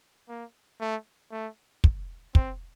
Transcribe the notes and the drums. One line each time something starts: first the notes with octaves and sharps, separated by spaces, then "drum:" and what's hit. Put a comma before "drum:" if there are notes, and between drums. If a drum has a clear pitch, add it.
A#3
A3
A3
drum: kick
C4, drum: kick